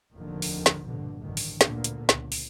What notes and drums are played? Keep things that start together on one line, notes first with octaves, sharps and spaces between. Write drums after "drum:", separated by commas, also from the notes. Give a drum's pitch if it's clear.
F1 D#2 A2 D3 D#3 F3
drum: open hi-hat
drum: snare
A#1 G2 B2 D3
A1 D2 G2 D3 D#3
drum: open hi-hat
D2 A#2 D3 A#3 B3, drum: snare
drum: hi-hat
C#2, drum: snare
drum: open hi-hat